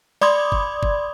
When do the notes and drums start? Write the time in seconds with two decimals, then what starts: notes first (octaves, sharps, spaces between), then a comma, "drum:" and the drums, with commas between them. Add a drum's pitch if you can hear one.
0.21 D5 B5 C6 D6 D#6 G#6, drum: snare
0.52 drum: kick G1
0.83 drum: kick G1